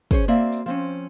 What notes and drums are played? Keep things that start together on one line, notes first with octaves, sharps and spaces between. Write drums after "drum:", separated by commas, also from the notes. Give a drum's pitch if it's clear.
C#4 G#4 C5 C#5, drum: kick, tambourine
A#3 C4 F#4 D5 E5
drum: tambourine
F3 C4 C#4